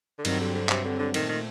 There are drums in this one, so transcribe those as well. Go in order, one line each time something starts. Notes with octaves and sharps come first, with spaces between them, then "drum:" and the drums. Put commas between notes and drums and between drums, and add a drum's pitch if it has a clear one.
D3
G2 D#3 F#3 C4, drum: cymbal
D3
D3
G2 C3 F#3 C4, drum: clap
D3
D3
A#2 D#3 A3 C4, drum: cymbal
D#3